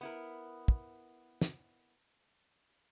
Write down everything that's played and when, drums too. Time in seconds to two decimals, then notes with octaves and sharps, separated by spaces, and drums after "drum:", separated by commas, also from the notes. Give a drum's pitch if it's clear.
0.01 B3 E4 A#4
0.68 drum: kick
1.41 drum: snare